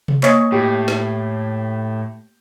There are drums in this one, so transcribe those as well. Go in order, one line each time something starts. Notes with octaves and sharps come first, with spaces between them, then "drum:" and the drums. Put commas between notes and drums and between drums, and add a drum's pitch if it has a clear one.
drum: tom C3
A#3 C#5 D#5, drum: clap
A2 G4
drum: snare